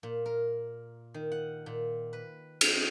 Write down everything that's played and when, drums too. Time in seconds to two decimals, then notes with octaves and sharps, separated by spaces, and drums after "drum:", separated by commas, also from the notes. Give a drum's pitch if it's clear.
0.03 A#2
0.26 A#4
1.14 D#3
1.32 F#5
1.66 A#2
2.13 B4
2.61 drum: cymbal